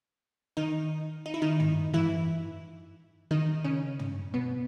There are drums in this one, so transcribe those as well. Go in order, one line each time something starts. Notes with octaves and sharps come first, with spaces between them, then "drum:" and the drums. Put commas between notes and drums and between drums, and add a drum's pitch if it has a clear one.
D#3 D#4
D#4
E4
D#3 D#4
drum: tom
E3 E4, drum: tom
D#3 D#4
C#3 C#4
drum: tom
B2 B3